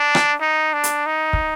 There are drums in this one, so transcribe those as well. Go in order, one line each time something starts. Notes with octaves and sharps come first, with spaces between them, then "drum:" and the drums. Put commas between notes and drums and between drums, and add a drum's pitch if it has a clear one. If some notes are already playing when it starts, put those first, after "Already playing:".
Already playing: D4
drum: rim click
D#4
D4
drum: hi-hat
D#4
drum: kick